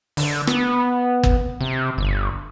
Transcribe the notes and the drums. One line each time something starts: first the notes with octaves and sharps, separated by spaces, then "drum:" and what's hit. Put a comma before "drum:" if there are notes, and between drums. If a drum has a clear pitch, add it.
D3, drum: open hi-hat
B3, drum: rim click
drum: kick
C3
G1